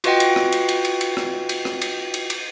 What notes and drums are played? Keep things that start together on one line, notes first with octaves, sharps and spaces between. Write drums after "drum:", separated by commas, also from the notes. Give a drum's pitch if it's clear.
F4 F#4 B4 D#5 F#5 G5, drum: cymbal
drum: cymbal
drum: rim click
drum: cymbal
drum: cymbal
drum: cymbal
drum: cymbal
drum: rim click
drum: cymbal
drum: rim click
drum: cymbal
drum: cymbal
drum: cymbal